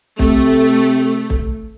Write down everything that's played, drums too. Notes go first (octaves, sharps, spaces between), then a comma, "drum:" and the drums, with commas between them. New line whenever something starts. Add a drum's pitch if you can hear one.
C3 A3, drum: kick
drum: kick